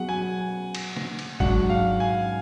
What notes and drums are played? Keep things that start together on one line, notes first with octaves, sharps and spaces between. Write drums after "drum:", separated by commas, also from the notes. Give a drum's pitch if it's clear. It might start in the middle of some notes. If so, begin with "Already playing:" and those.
Already playing: F#3 B3 G#4 F#5
G#5
drum: cymbal
drum: snare
drum: cymbal
G#2 F#3 D4 F#5, drum: kick G1
F5
G#5